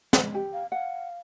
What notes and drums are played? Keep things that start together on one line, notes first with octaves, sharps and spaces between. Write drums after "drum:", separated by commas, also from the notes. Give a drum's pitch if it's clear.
G#3, drum: snare
G4
F5
F5 F#5